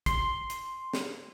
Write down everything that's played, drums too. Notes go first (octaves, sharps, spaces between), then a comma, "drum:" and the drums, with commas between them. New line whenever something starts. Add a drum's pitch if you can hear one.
C6, drum: kick, hi-hat
drum: hi-hat
drum: snare